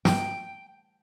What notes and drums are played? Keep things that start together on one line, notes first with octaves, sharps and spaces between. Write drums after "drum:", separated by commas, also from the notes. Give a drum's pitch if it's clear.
G5, drum: snare